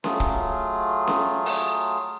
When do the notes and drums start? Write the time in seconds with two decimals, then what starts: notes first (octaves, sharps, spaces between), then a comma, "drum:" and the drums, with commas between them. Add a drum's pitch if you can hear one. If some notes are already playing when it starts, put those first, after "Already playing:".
0.04 F#3 A3 F4 G#4, drum: snare C#4
0.20 drum: kick
1.08 drum: snare C#4
1.46 drum: open hi-hat